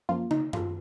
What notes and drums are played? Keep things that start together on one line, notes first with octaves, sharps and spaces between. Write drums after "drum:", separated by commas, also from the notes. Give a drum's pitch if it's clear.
F#2 F3 A#3 F4
D#4, drum: tom
F4, drum: tom F#2